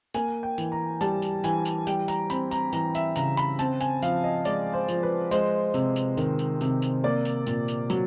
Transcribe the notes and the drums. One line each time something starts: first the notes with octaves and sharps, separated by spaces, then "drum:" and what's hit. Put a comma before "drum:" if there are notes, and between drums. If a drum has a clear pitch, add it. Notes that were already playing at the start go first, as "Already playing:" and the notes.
A#3 G#5, drum: tambourine
G5
E3, drum: tambourine
A#5
G3 A5, drum: tambourine
drum: tambourine
E3 G#5, drum: tambourine
drum: tambourine
G3 G5, drum: tambourine
A#5, drum: tambourine
C4 B5, drum: tambourine
A#5, drum: tambourine
E3 A#5, drum: tambourine
E5, drum: tambourine
C#3 A#5, drum: tambourine
B5, drum: tambourine
C4 A5, drum: tambourine
G#5, drum: tambourine
F3 F5, drum: tambourine
D#5
G#3 D5, drum: tambourine
C5
F3, drum: tambourine
B4
G#3 C5, drum: tambourine
C3, drum: tambourine
drum: tambourine
D#3, drum: tambourine
drum: tambourine
C3, drum: tambourine
drum: tambourine
A#3 D5
drum: tambourine
A#2, drum: tambourine
drum: tambourine
F#3, drum: tambourine